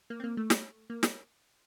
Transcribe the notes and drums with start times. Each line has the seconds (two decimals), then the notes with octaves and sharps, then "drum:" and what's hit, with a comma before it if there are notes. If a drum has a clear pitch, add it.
0.10 A#3
0.20 C4
0.24 A#3
0.37 A3
0.50 drum: snare
0.90 A#3
1.03 drum: snare